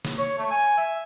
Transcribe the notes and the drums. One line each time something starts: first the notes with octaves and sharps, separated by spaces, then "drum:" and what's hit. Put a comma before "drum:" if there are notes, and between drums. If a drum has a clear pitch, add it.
drum: snare
C#5
A3
G#5
E5